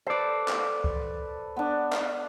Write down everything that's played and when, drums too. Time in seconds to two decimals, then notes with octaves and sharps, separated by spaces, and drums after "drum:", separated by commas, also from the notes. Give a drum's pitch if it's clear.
0.06 A4 B4 C5 D5
0.48 drum: clap
0.84 drum: kick C2
1.56 B3 D4
1.93 drum: clap